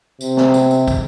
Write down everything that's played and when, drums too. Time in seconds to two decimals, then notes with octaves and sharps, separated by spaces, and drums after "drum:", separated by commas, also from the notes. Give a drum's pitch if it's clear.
0.21 C3, drum: tambourine
0.37 drum: snare
0.54 drum: tambourine
0.71 drum: tambourine
0.88 drum: kick, tambourine